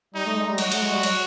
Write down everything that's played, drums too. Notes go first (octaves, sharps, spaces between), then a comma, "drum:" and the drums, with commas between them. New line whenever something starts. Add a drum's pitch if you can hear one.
G3 D#4
A3
G#3
G3
F#3 F#4, drum: cymbal
A3, drum: cymbal
G#3
G3
F#3, drum: cymbal